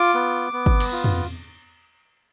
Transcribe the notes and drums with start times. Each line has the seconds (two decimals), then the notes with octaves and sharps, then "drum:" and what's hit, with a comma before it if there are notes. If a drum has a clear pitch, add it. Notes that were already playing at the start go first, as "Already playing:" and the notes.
Already playing: F4 D6
0.14 B3
0.53 B3
0.66 drum: kick G1
0.80 drum: cymbal
0.93 F4
1.04 drum: tom